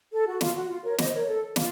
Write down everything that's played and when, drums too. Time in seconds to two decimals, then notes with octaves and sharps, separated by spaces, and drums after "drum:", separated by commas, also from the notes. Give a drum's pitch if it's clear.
0.12 A4
0.26 F#4
0.41 F4, drum: snare
0.55 F#4
0.69 F4
0.84 A#4 C#5
0.98 C5 D#5, drum: snare
1.13 A#4 C#5
1.27 A4
1.56 F4, drum: snare